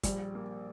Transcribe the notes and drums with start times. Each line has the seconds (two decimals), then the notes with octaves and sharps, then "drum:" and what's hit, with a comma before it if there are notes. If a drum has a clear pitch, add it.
0.03 A#1 G3, drum: kick, hi-hat
0.35 A#3